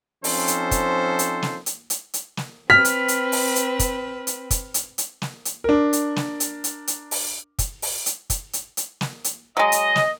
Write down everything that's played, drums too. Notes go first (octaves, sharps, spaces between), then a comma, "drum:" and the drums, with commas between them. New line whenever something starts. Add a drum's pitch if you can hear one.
F3 C4 C#4 D#4 A4 C5, drum: open hi-hat
drum: hi-hat
drum: kick, hi-hat
drum: hi-hat
drum: snare
drum: hi-hat
drum: hi-hat
drum: hi-hat
drum: snare
C4 B4 F6 B6
drum: hi-hat
drum: hi-hat
drum: open hi-hat
drum: hi-hat
drum: kick, hi-hat
drum: hi-hat
drum: kick, hi-hat
drum: hi-hat
drum: hi-hat
drum: snare
drum: hi-hat
D4 A#4
drum: hi-hat
drum: snare
drum: hi-hat
drum: hi-hat
drum: hi-hat
drum: open hi-hat
drum: kick, hi-hat
drum: open hi-hat
drum: hi-hat
drum: kick, hi-hat
drum: hi-hat
drum: hi-hat
drum: snare
drum: hi-hat
F#3 G#3 D#5
drum: hi-hat
drum: snare